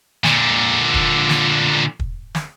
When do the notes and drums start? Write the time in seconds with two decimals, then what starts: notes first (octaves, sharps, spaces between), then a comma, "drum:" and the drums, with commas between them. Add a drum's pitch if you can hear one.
0.24 A#2 D3, drum: snare
0.94 drum: kick
1.29 drum: snare
2.00 drum: kick
2.35 drum: snare